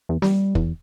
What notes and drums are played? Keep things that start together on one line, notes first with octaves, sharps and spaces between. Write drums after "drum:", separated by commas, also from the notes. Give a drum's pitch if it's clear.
E2
G3, drum: snare
E2, drum: kick